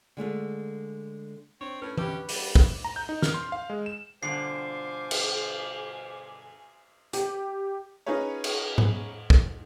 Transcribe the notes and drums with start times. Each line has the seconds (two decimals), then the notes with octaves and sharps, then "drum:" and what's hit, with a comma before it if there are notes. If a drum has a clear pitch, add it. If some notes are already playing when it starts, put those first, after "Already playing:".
0.17 D3 G#3 A3 F4
1.61 C4 D4 C#5
1.82 A2 C#4 B4
1.97 C#4 G4 B4, drum: tom E3
2.29 G3 D5, drum: open hi-hat
2.55 drum: kick
2.85 A#5
2.96 G6
3.09 D#4
3.22 F6, drum: snare
3.34 C6
3.52 F5
3.70 G#3
3.86 E7
4.23 G2 B2 D3 F4 C5 G#5 D6 C7
5.11 drum: cymbal
7.13 G4, drum: hi-hat
8.06 C#4 D#4 F4 G#4 B4 C#5
8.44 drum: cymbal
8.78 drum: tom G#2
9.30 drum: kick